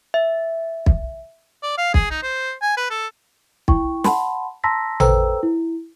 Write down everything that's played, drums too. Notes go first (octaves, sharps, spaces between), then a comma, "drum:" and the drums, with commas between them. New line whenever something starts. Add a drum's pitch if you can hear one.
E5
drum: kick
D5
F5
G#4, drum: kick
D#4
C5
G#5
B4
A4
E4 G5 C#6, drum: kick
F#5 A5 B5 C6, drum: snare
A5 A#5 C6 E6 A#6 B6
A4 B4 C5 G5 A#5 E6, drum: tom A1
E4